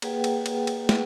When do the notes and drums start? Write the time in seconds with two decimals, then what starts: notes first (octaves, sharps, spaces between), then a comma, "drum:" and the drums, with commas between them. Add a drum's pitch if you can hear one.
0.02 A#3 G#4 B4 F#5 G5, drum: cymbal
0.24 drum: cymbal
0.46 drum: cymbal
0.67 drum: cymbal
0.89 drum: snare